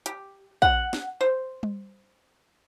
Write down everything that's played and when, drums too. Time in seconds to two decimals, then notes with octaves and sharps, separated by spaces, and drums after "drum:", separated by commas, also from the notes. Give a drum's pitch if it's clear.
0.06 G4, drum: hi-hat
0.62 F#5, drum: kick
0.93 drum: snare
1.21 C5
1.63 drum: tom G3